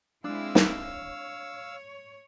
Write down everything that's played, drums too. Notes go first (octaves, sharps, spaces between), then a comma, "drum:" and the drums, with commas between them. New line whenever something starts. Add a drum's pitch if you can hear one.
G#3 C4 D4 E4 F5 E6
drum: snare
C#5